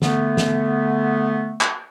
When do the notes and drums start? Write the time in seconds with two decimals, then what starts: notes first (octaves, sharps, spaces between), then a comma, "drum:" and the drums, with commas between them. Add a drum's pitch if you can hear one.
0.02 D3 A3 B3, drum: snare
0.37 drum: snare
1.61 drum: clap